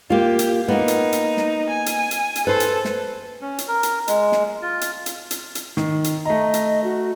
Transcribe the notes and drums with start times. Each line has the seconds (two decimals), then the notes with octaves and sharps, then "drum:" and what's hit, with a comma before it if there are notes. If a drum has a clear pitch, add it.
0.10 A#3 F4 G4
0.39 drum: hi-hat
0.68 A#3 B3 D#4
0.88 drum: hi-hat
1.13 drum: hi-hat
1.37 drum: snare
1.70 G#5
1.86 drum: hi-hat
2.11 drum: hi-hat
2.36 drum: hi-hat
2.47 A4 B4 C5
2.60 drum: hi-hat
2.85 drum: snare
3.41 C#4
3.58 drum: hi-hat
3.68 A#4
3.83 drum: hi-hat
4.08 G#3, drum: hi-hat
4.32 drum: snare
4.62 F4
4.81 drum: hi-hat
5.06 drum: hi-hat
5.31 drum: hi-hat
5.55 drum: hi-hat
5.77 D#3, drum: snare
6.04 drum: hi-hat
6.25 A3 D#5 A#5
6.54 drum: hi-hat
6.84 F#4